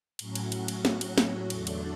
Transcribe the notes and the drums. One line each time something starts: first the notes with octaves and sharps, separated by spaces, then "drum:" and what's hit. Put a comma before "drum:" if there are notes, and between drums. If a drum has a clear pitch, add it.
A2 F#3 C#4 F#4, drum: cymbal
drum: cymbal
drum: cymbal
drum: cymbal
drum: snare
drum: cymbal
drum: snare
E2 D3 F#3 A3 D4, drum: cymbal
drum: cymbal